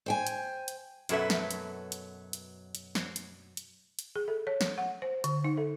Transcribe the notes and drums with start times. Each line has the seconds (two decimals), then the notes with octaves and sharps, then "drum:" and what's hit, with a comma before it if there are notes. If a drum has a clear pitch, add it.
0.06 C5 G5 G#5
0.27 drum: hi-hat
0.68 drum: hi-hat
1.09 F#2 B2 F#3 A4 B4 E5, drum: hi-hat
1.30 drum: snare
1.51 drum: hi-hat
1.92 drum: hi-hat
2.33 drum: hi-hat
2.75 drum: hi-hat
2.95 drum: snare
3.16 drum: hi-hat
3.57 drum: hi-hat
3.99 drum: hi-hat
4.16 G#4
4.28 A4
4.47 C#5
4.61 drum: snare
4.78 F#5
5.02 C5
5.24 D3, drum: hi-hat
5.44 D#4
5.57 A4